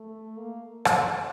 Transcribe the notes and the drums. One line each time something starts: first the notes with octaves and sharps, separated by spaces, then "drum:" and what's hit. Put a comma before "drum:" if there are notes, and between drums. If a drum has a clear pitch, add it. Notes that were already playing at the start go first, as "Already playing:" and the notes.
Already playing: A3
A#3
drum: rim click